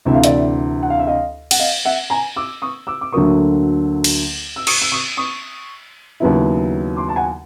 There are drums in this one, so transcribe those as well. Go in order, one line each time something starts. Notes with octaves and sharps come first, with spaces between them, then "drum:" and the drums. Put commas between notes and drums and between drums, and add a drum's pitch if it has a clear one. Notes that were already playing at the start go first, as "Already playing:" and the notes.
D2 C3 E3 E5
F5
D5 E5, drum: hi-hat
F#5
F5
E5
D#5 F5
F#5, drum: cymbal
D#5 F5
E5 F#5
G#5 A#5
D6 E6
C#6 D#6
D6 E6
D6
D2 D3 F#3 A#3 C#6 D#6
drum: cymbal
E6
C#6 D#6, drum: cymbal
E6
C#6 D#6
C#6 D#6
D#2 C#3 F#3 B3 E4
C6 D6
A5
F#5 G#5